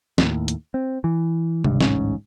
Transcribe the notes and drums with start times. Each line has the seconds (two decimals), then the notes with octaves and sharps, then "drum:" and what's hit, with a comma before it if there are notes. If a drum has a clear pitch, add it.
0.18 D#2 A2, drum: snare
0.48 drum: hi-hat
0.74 C4
1.04 E3
1.64 G#1 C#2 G2, drum: tom C3
1.81 D1 A1 G#2 C#4, drum: snare